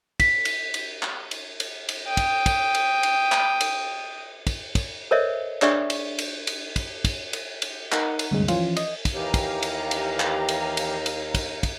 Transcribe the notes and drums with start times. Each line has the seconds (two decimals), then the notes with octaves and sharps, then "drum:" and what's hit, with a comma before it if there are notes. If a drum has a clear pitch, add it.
0.20 B6, drum: kick, cymbal
0.45 drum: cymbal
0.74 drum: cymbal
1.03 drum: clap
1.31 drum: cymbal
1.60 drum: cymbal
1.89 drum: cymbal
2.07 G5 D#6
2.17 drum: kick, cymbal
2.46 drum: kick, cymbal
2.75 drum: cymbal
3.03 drum: cymbal
3.32 drum: clap
3.61 drum: cymbal
4.47 drum: kick, cymbal
4.75 drum: kick, cymbal
5.11 A4 A#4 C5 C#5 D#5 E5
5.62 D4 G#4 C#5 D5 E5 C#6, drum: clap
5.90 drum: cymbal
6.19 drum: cymbal
6.47 drum: cymbal
6.76 drum: kick, cymbal
7.05 drum: kick, cymbal
7.33 drum: cymbal
7.62 drum: cymbal
7.92 D#4 A#4 F#5, drum: clap
8.19 drum: cymbal
8.31 D2 G2 C3 G#3
8.48 E3 F3 C#4 F4, drum: cymbal
8.77 D#5, drum: cymbal
9.05 drum: kick, cymbal
9.14 D#2 E3 G4 F5 G5 A#5
9.34 drum: kick, cymbal
9.63 drum: cymbal
9.91 drum: cymbal
10.20 drum: clap
10.49 drum: cymbal
10.77 drum: cymbal
11.06 drum: cymbal
11.35 drum: kick, cymbal
11.63 drum: kick, cymbal